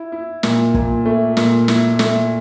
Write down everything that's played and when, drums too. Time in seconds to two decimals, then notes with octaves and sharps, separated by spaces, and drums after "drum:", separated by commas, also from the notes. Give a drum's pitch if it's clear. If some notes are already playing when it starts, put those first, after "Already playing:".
Already playing: E4
0.12 E4
0.43 A#2, drum: snare
0.74 A#2, drum: kick
1.05 A3
1.37 A#2, drum: snare
1.68 E4, drum: snare
1.99 A3, drum: snare